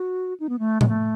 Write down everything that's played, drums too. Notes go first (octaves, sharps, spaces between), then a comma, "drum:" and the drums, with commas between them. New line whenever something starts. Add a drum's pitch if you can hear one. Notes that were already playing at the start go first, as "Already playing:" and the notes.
Already playing: F#4
D#4
B3
A3
G#3, drum: tom A2
A3